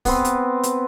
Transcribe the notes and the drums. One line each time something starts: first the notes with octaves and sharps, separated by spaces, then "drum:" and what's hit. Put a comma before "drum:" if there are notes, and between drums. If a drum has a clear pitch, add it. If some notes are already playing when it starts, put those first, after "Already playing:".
B3 C4, drum: kick, open hi-hat
drum: hi-hat
drum: hi-hat